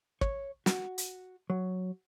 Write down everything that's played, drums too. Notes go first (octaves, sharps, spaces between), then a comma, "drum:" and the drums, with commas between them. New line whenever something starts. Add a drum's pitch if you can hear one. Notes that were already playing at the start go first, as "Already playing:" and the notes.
C#5, drum: kick
F#4, drum: snare
drum: hi-hat
F#3